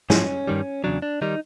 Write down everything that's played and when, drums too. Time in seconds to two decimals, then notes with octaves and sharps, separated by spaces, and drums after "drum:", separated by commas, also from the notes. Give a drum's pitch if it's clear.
0.10 G#2 F3 C#4, drum: snare
0.47 G2 D#3 G3
0.84 E2 C#3 F#3 D4
1.02 D4
1.22 D#3 G3 D#4